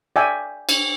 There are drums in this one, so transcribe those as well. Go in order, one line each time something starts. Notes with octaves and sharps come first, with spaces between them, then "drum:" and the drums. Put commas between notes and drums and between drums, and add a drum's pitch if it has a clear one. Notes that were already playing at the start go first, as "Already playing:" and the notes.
D5 E5 G5 G#5
drum: cymbal